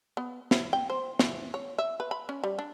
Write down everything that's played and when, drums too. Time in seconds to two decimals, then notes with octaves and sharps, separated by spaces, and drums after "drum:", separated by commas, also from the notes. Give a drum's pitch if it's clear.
0.17 B3
0.51 E4, drum: snare
0.73 G5
0.90 C5
1.19 E3, drum: snare
1.54 C#5
1.78 E5
2.00 B4
2.11 B5
2.29 C#4
2.44 G3
2.59 D4